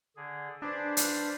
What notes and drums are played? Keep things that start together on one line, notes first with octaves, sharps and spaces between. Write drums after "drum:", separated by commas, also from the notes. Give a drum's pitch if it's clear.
D3 G#4
D4 G#4 B4 C5
B4 C5 F5, drum: hi-hat